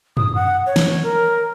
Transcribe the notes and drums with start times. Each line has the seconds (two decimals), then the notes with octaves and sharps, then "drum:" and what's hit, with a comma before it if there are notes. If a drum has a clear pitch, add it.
0.17 D#6, drum: tom F#2
0.35 F#5
0.66 C#5
0.76 drum: snare
1.03 A#4